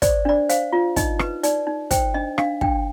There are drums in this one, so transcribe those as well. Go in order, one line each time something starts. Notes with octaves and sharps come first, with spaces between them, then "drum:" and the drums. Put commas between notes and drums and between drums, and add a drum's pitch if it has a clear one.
C5 D5, drum: kick, hi-hat
D4 D5
C5 F5, drum: hi-hat
F4
D#4 D#5, drum: kick, hi-hat
B4, drum: rim click
D#4 D5, drum: hi-hat
D#4
C5 G5, drum: kick, hi-hat
D4 D#5
D4 F5, drum: rim click
D4 G5, drum: kick